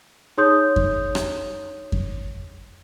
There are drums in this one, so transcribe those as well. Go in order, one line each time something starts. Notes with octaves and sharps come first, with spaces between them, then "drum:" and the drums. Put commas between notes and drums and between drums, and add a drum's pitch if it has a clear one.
D#4 G#4 C#5 C6 D#6 G6
drum: kick F2
drum: rim click
drum: kick F2